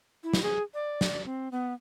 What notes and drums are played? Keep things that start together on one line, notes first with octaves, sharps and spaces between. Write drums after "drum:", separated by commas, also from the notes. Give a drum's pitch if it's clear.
E4
drum: snare
G#4
D5
drum: snare
C4
B3